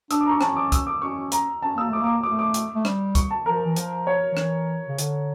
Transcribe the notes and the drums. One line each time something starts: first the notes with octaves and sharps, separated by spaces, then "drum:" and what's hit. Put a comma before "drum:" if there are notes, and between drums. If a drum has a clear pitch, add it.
D4 E6, drum: hi-hat
D6
A#5
C#6
D4
C#4 A5, drum: rim click
D6
E6, drum: kick, hi-hat
D6
C#4 C#6
A#5, drum: hi-hat
C#4 A5
A#3 E6
A3 D6
A#3 D6
A3 D6
D6
drum: hi-hat
A3
G3, drum: rim click
C#6, drum: kick, hi-hat
A5
F3 A#4
E3
F3, drum: hi-hat
C#5
F3
E3, drum: rim click
C#3
D3, drum: hi-hat